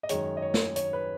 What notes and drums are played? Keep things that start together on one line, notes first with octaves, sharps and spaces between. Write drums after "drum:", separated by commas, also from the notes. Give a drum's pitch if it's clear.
D#5
F#2 D#3 G#3 C#5, drum: hi-hat
D#5
C#5
drum: snare
C#5, drum: hi-hat
B4